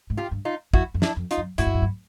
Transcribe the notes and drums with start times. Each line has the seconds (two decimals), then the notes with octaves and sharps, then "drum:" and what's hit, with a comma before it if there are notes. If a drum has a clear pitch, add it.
0.10 G#2
0.17 F4 G4
0.31 G2
0.45 D#4 F4
0.74 F2 E4 F#4, drum: kick
0.94 F#2
1.02 D4 E4, drum: snare
1.16 F2
1.31 D#4 F4, drum: hi-hat
1.37 F#2
1.58 G#2 E4 F#4, drum: hi-hat
1.67 G2
1.74 F#2
1.82 G2